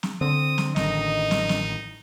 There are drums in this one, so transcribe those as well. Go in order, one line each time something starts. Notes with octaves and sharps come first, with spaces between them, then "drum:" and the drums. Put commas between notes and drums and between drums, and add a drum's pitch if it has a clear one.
drum: snare
D3 C4 D#6
drum: snare
A1 D#3 D#4 D#5, drum: snare
drum: snare
drum: snare